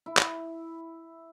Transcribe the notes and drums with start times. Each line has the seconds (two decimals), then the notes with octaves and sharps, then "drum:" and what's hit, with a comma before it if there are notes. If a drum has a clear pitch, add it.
0.06 E4
0.17 drum: clap